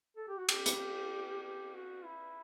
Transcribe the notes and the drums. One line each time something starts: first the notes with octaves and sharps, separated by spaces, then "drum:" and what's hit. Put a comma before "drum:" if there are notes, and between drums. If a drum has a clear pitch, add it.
A4
G4
F#4
G4, drum: cymbal
drum: hi-hat
G4
F#4
E4